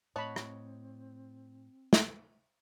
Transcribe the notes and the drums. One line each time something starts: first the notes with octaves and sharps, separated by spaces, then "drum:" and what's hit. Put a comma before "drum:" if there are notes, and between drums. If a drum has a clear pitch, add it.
A2 C4 C#5 D#5 F#5 A5 B5
drum: rim click
drum: snare